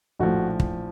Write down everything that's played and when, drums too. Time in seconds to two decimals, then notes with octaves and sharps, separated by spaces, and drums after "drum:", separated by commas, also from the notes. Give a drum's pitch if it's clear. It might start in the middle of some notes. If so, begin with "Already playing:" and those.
0.19 A#1 A2 F3 F#4
0.60 drum: kick